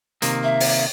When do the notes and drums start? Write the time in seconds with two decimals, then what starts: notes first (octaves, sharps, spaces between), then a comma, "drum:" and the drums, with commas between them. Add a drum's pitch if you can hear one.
0.22 C3 D#3 A#3, drum: hi-hat
0.43 E5
0.60 drum: open hi-hat